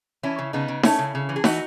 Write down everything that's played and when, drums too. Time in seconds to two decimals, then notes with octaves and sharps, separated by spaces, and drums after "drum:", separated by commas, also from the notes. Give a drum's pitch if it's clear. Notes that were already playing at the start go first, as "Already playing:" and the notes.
0.23 E3 C#4 E4
0.38 C#3
0.53 C#3 B3 D#4
0.68 C#3
0.83 A3 C#4 E4, drum: snare D#4
0.99 C#3
1.15 C#3
1.29 E3
1.36 G#4
1.44 E3 D#4 F#4, drum: snare D#4